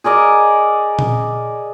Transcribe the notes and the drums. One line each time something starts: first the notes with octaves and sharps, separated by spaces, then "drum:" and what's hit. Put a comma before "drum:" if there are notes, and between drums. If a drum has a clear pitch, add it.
G#4 A#4 D5 D#5
drum: tom A#2